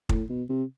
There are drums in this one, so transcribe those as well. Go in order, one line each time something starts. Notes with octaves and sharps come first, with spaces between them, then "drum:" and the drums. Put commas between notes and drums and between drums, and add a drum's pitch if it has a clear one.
A2, drum: kick
B2
C3